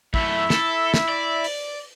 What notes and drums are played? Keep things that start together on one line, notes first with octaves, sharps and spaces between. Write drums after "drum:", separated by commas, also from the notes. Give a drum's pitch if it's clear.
F#2 A3 E4 E5, drum: kick
A4, drum: snare
drum: snare
D5
drum: open hi-hat